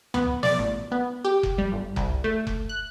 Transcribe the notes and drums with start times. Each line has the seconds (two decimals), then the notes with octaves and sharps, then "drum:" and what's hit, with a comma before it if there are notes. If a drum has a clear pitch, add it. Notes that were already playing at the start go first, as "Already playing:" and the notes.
0.14 B3, drum: tom D2
0.43 D5, drum: snare
0.59 A1
0.92 B3
1.25 G4
1.43 drum: kick F1
1.58 G3
1.72 G1
1.96 C2, drum: kick F1
2.24 A3
2.47 drum: kick F1
2.69 F#6